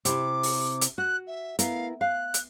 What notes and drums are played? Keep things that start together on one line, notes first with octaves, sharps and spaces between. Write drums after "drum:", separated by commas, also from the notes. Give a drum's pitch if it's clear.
C3 E4 D6, drum: hi-hat
drum: open hi-hat
drum: hi-hat
F#4 F#6
E5
B3 E4 A#4 F5, drum: hi-hat
F5 F#6
drum: hi-hat